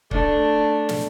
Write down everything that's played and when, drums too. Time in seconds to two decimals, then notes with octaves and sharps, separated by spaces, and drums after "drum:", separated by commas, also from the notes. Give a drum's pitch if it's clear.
0.11 A3 D4, drum: kick C#1
0.89 drum: snare